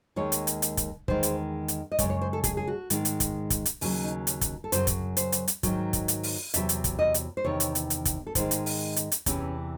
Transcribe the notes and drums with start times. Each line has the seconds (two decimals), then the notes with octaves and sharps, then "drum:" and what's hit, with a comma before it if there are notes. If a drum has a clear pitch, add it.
0.16 D#2 D#3 G#3 C#5
0.32 drum: hi-hat
0.47 drum: hi-hat
0.62 drum: hi-hat
0.77 drum: kick, hi-hat
1.08 E2 D#3 G#3 C5, drum: kick
1.23 drum: hi-hat
1.68 drum: hi-hat
1.92 D#5
1.99 F#2 C#3 G#3 C#5, drum: kick, hi-hat
2.10 C#5
2.22 C5
2.33 A4
2.44 G#4, drum: kick, hi-hat
2.57 G#4
2.67 F#4
2.90 G#2 D#3 G#3, drum: hi-hat
3.05 drum: hi-hat
3.20 drum: kick, hi-hat
3.50 drum: kick, hi-hat
3.66 drum: hi-hat
3.81 D#2 C#3 F#3, drum: open hi-hat
4.04 D#4
4.27 C#4, drum: hi-hat
4.41 drum: kick, hi-hat
4.64 A4
4.72 F#2 C#3 F#3 C5, drum: hi-hat
4.87 drum: kick, hi-hat
5.17 C5, drum: hi-hat
5.32 drum: hi-hat
5.48 drum: hi-hat
5.63 G#2 D#3 F#3, drum: kick, hi-hat
5.93 drum: kick, hi-hat
6.08 drum: hi-hat
6.23 drum: open hi-hat
6.54 E2 C3 F#3 E5, drum: hi-hat
6.69 drum: hi-hat
6.84 drum: kick, hi-hat
6.99 D#5
7.14 drum: hi-hat
7.37 C5
7.44 E2 C3 D#3 C#5
7.60 drum: hi-hat
7.75 drum: hi-hat
7.90 drum: hi-hat
8.05 drum: kick, hi-hat
8.27 A4
8.35 G#2 D#3 G#3 C5, drum: kick, hi-hat
8.51 drum: hi-hat
8.66 drum: open hi-hat
8.96 drum: hi-hat
9.12 drum: hi-hat
9.26 E2 C3 E3 C#4, drum: kick, hi-hat